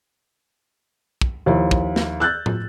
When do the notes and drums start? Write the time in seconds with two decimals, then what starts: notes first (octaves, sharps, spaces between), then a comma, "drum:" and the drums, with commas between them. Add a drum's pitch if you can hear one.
1.21 drum: kick
1.46 D#2 F3 E4 E5
1.71 drum: kick
1.96 drum: snare
2.20 E6 F#6 G6 A6
2.46 drum: tom